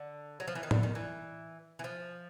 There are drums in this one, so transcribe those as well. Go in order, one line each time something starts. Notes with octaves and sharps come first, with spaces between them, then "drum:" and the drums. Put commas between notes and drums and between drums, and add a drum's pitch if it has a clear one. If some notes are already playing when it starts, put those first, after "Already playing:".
Already playing: D3
F#3
F3
E3
D#3
D3, drum: tom A2
D#3
E3
E3
F3